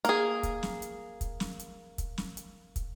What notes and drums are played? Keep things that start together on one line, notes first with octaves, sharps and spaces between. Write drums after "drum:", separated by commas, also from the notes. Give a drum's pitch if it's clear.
A#3 G#4, drum: hi-hat
drum: kick, hi-hat
drum: snare
drum: hi-hat
drum: kick, hi-hat
drum: snare
drum: hi-hat
drum: kick, hi-hat
drum: snare
drum: hi-hat
drum: kick, hi-hat